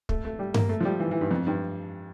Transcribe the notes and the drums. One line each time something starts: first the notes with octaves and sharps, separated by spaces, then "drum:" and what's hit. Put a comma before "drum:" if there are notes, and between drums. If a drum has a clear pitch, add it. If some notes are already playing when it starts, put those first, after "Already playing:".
A3, drum: kick
A3
G3
A#3, drum: tom G2
A3
F3
G3
E3
E3
G2
F2
G2